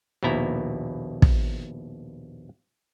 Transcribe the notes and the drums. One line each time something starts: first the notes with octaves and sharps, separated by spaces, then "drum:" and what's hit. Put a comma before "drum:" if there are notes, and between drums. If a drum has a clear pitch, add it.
A#1 D#2 B2 E4 A#5
drum: kick